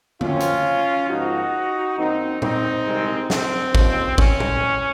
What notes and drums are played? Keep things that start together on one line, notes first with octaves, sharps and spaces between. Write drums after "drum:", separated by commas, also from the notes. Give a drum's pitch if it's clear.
F#2 F3 C4 C#4 F4, drum: tom D3
drum: hi-hat
G#2 F3 A#3 D#4 F#4
F#2 D#3 A#3 C4 D#4
C4 D#4, drum: tom A#2
C2 C3 D#3 G#3
C4, drum: snare
D#2 C#3 F3, drum: kick G#1
C#4, drum: kick G#1
drum: tom A#2